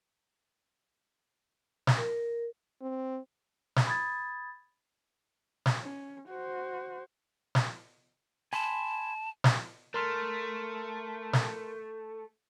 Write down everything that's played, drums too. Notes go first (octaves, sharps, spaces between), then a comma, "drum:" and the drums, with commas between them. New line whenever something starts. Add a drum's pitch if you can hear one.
drum: snare
A#4
C4
drum: snare
B5 D#6 G#6 A6
drum: snare
C#4
F#4 C5
drum: snare
G#5 A5 B5 C6
drum: snare
A3 A#4 C6 F6
drum: snare